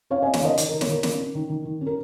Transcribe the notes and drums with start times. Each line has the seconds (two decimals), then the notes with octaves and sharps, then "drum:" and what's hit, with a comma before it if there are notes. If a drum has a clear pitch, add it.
0.10 C#4 C#5 F5
0.22 C#4 D#5 G#5
0.34 C#5 F5, drum: snare
0.41 D#3 A#4 D#5
0.58 D#3, drum: hi-hat
0.69 D#3 A#4
0.81 C#5, drum: snare
0.88 D#3 A#4
1.03 C#4, drum: snare
1.19 C#4
1.35 D#3
1.49 D#3
1.65 D#3
1.81 C#4
1.86 A#4